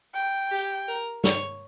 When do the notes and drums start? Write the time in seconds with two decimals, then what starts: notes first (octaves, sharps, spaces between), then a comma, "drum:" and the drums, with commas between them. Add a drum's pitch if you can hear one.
0.15 G5
0.51 G4
0.87 A#4
1.24 C#5, drum: snare